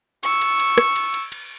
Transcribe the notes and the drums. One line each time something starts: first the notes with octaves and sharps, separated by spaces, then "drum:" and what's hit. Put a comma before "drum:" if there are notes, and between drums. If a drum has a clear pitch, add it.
C#6 E6, drum: cymbal
drum: cymbal
drum: cymbal
drum: rim click
drum: cymbal
drum: cymbal
drum: cymbal